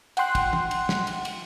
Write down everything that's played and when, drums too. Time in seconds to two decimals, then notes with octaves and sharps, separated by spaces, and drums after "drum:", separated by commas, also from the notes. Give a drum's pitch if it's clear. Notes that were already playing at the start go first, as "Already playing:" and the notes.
0.17 F#5 G5 C6 F#6, drum: cymbal
0.35 drum: kick, cymbal
0.53 drum: tom
0.71 drum: cymbal
0.89 drum: snare
1.07 drum: cymbal
1.25 drum: cymbal